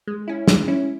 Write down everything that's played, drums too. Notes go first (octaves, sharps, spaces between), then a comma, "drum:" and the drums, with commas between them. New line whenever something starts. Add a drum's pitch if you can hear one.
G#3
C#4 E4
G#3, drum: snare
C#4 E4